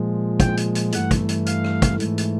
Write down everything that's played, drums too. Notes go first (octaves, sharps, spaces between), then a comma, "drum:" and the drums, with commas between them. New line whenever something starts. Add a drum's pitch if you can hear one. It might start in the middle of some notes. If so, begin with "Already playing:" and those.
Already playing: A#2 F3 G#3
G5, drum: kick, hi-hat
drum: hi-hat
drum: hi-hat
G2 E3 A3 F#5, drum: hi-hat
drum: kick, hi-hat
drum: hi-hat
F5, drum: hi-hat
drum: rim click
drum: kick, hi-hat
G#2 E3 A3, drum: hi-hat
drum: hi-hat